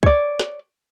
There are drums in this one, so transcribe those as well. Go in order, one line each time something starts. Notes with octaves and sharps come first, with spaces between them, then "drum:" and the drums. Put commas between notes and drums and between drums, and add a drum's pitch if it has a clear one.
C#5 D5, drum: kick
drum: snare